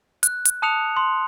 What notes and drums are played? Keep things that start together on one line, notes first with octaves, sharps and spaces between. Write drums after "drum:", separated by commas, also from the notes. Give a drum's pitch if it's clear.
F#6, drum: hi-hat
drum: hi-hat
A5 D#6 F#6 C#7 F7
C6